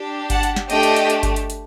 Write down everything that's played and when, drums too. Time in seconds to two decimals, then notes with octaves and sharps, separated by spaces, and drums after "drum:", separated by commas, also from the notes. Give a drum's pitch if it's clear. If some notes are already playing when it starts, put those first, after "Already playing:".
Already playing: D4 G4
0.30 F#5 A5, drum: kick G1, hi-hat
0.43 drum: hi-hat
0.56 drum: snare
0.70 A3 D4 G4 D#5 G5, drum: hi-hat
0.83 drum: hi-hat
0.96 drum: hi-hat
1.10 drum: hi-hat
1.23 drum: kick G1, hi-hat
1.36 drum: hi-hat
1.50 drum: hi-hat